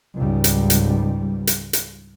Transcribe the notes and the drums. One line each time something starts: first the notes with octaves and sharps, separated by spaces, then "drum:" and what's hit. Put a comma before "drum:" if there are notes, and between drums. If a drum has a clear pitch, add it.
C#2 G#2 G3
drum: hi-hat
drum: hi-hat
drum: hi-hat
drum: hi-hat